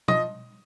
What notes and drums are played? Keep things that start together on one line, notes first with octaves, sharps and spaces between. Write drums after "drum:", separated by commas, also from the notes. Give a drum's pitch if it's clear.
F3 D#5, drum: tom